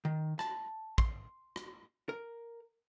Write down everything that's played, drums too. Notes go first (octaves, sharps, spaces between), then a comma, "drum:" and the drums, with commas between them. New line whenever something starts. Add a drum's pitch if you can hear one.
D#3
A5, drum: rim click
C6, drum: kick
drum: rim click
A#4